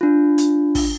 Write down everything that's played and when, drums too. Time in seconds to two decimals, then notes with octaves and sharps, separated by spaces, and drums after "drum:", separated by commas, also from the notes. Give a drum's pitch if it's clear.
0.01 D4 F4
0.38 drum: hi-hat
0.75 drum: kick, open hi-hat